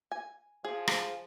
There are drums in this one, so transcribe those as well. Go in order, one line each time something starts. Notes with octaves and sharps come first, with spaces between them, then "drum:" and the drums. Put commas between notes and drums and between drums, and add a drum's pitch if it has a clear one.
G#5
F3 G#4
drum: rim click